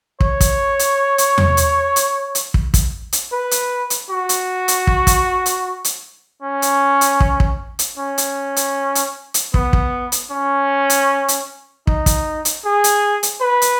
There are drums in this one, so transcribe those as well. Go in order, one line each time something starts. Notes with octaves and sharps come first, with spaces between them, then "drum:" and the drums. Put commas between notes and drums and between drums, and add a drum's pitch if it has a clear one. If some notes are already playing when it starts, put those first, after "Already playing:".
C#5, drum: kick
drum: kick, hi-hat
drum: hi-hat
drum: hi-hat
drum: tom E2
drum: hi-hat
drum: hi-hat
drum: hi-hat
drum: kick
drum: kick, hi-hat
drum: hi-hat
B4
drum: hi-hat
drum: hi-hat
F#4
drum: hi-hat
drum: hi-hat
drum: kick
drum: kick, hi-hat
drum: hi-hat
drum: hi-hat
C#4
drum: hi-hat
drum: hi-hat
drum: kick
drum: kick
drum: hi-hat
C#4
drum: hi-hat
drum: hi-hat
drum: hi-hat
drum: hi-hat
B3, drum: kick
drum: kick
drum: hi-hat
C#4
drum: hi-hat
drum: hi-hat
D#4, drum: kick
drum: kick, hi-hat
drum: hi-hat
G#4
drum: hi-hat
drum: hi-hat
B4
drum: hi-hat